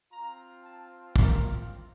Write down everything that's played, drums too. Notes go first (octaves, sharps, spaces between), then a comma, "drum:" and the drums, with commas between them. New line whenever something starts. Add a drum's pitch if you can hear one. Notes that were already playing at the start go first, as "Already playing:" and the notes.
C4 F4 A#5
A5
A#4, drum: kick